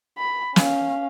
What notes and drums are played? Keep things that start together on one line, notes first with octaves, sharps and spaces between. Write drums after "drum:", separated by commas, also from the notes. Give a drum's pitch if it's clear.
B5
C#4 F5, drum: snare